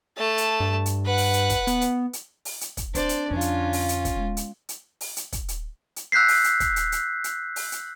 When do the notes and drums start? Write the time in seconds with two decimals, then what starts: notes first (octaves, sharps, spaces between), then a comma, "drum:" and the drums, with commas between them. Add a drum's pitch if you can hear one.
0.17 A3 A5
0.38 drum: hi-hat
0.60 G2
0.86 drum: hi-hat
1.06 B4 F#5
1.18 drum: open hi-hat
1.33 drum: hi-hat
1.49 drum: kick, hi-hat
1.67 B3, drum: hi-hat
1.81 drum: hi-hat
2.13 drum: hi-hat
2.45 drum: open hi-hat
2.61 drum: hi-hat
2.77 drum: kick, hi-hat
2.95 C4 D4 C5 D5, drum: hi-hat
3.09 drum: hi-hat
3.31 F2 D3 C#4 F4
3.41 drum: hi-hat
3.73 drum: open hi-hat
3.89 drum: hi-hat
4.05 drum: kick, hi-hat
4.16 G#3 B3
4.37 drum: hi-hat
4.69 drum: hi-hat
5.01 drum: open hi-hat
5.17 drum: hi-hat
5.32 drum: kick, hi-hat
5.48 drum: hi-hat
5.96 drum: hi-hat
6.12 E6 F#6 G6 B6 C7
6.28 drum: open hi-hat
6.44 drum: hi-hat
6.60 drum: kick, hi-hat
6.76 drum: hi-hat
6.92 drum: hi-hat
7.24 drum: hi-hat
7.56 drum: open hi-hat
7.72 drum: hi-hat